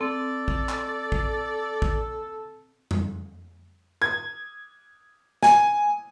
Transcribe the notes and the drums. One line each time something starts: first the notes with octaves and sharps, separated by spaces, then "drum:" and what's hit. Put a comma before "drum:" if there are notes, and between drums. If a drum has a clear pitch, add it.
C4 A4 D5
drum: kick A#1
drum: clap
drum: kick A#1
drum: kick A#1
drum: tom F2
G#6
G#5, drum: snare